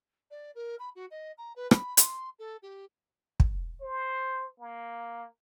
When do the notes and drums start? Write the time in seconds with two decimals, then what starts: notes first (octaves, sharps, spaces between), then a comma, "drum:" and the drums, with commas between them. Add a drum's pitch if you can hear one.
0.31 D5
0.55 A#4
0.79 B5
0.95 F#4
1.11 D#5
1.38 A#5
1.56 B4
1.71 B5, drum: rim click
1.97 C6, drum: hi-hat
2.39 A4
2.62 G4
3.40 drum: kick
3.82 C5
4.60 A#3